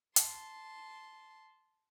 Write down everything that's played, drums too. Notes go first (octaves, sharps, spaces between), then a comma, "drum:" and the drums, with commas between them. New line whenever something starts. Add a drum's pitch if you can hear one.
A5 C6, drum: hi-hat